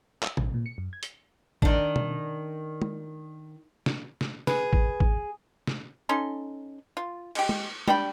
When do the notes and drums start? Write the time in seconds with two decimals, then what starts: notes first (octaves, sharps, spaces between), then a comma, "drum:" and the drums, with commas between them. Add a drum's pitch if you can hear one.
0.23 E6, drum: clap
0.37 A1, drum: tom B2
0.54 A#2
0.66 C#7
0.78 F#2
0.93 G#6
1.03 drum: hi-hat
1.62 D#3 D4, drum: kick G#1
1.96 drum: tom B2
2.82 drum: tom
3.86 drum: snare
4.21 drum: snare
4.47 G#4 B4, drum: snare
4.73 drum: kick G#1
5.00 drum: kick G#1
5.67 drum: snare
6.09 C#4 D#4 A4 C6
6.97 F4
7.35 G#3 G4, drum: cymbal
7.49 drum: tom
7.88 G3 D4 G5 B5, drum: tom